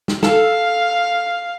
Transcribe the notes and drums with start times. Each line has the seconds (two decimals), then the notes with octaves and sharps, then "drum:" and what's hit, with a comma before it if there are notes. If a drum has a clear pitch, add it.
0.08 drum: snare
0.23 A4 F5, drum: snare